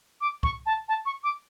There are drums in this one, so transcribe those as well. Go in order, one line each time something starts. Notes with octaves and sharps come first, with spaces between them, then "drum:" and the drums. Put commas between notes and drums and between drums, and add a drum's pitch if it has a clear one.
D6
C#6, drum: kick C2
A5
A5
C#6
D6